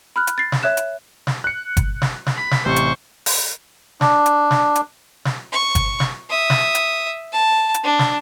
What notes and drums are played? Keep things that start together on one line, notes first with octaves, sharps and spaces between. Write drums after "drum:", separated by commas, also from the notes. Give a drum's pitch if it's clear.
B5 F6 F#6
drum: hi-hat
A6 C7
drum: snare
C#5 E5 F#6 E7
drum: hi-hat
drum: snare
F#6 C#7
drum: kick G1, hi-hat
drum: snare
drum: snare
B5
drum: snare
A1 C3 C5 C#6
drum: hi-hat
drum: open hi-hat
D4, drum: snare
drum: hi-hat
drum: snare
drum: hi-hat
drum: snare
C#6
drum: kick G1, hi-hat
drum: snare
E5 D#6
drum: snare
drum: hi-hat
A5
drum: hi-hat
D4
drum: snare